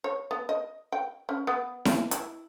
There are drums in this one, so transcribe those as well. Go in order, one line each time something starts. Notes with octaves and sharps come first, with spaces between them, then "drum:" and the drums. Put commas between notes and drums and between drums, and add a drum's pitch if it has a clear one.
C#5
B3
D#5
G5
C#4
B3
drum: snare E4
E4, drum: hi-hat